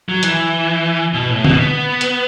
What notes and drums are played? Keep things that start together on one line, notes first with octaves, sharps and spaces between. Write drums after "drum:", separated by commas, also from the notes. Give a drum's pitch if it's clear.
F#3
E3, drum: hi-hat
B2
A2
B2, drum: tom D3
B3
drum: hi-hat